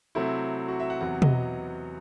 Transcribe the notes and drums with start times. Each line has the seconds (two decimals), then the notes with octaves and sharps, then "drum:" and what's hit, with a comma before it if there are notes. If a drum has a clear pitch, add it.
0.15 C3 F#3 A3 C4 E4
0.68 F#4
0.80 E5
0.90 F#5
1.01 E2 C3 F#3 B3 F#5
1.22 D#5, drum: tom B2